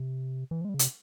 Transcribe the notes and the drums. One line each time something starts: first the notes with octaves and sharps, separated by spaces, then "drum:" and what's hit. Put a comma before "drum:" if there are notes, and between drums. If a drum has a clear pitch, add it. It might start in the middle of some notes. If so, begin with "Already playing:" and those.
Already playing: C3
E3
F3
G#3
G3
C#3
C3, drum: hi-hat